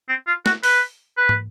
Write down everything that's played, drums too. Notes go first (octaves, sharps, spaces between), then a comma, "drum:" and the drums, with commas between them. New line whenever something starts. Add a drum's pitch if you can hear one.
C4
F4
F#4, drum: snare
B4, drum: open hi-hat
B4
drum: tom